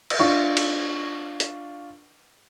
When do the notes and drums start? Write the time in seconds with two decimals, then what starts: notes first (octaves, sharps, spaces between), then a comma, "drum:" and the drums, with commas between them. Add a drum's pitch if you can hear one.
0.10 drum: cymbal
0.19 D4 F4 C#6
0.57 drum: cymbal
1.40 drum: hi-hat